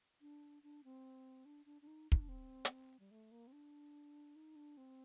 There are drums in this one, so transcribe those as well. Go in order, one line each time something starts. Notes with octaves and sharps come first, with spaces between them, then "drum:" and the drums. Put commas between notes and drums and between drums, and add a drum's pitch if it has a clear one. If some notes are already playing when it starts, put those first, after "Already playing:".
D4
D4
C4
D4
D4
D4
D#4
D#4, drum: kick
D4
C4
drum: hi-hat
G3
A3
A#3
C4
D4
D#4
D4
C4